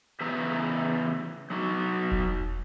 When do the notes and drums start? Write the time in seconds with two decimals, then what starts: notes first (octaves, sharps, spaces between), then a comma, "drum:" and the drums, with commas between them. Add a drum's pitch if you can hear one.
0.21 C#3 E3 B3 E4 E5 A#5
1.50 F#3 D#4 F#4
2.11 drum: kick E1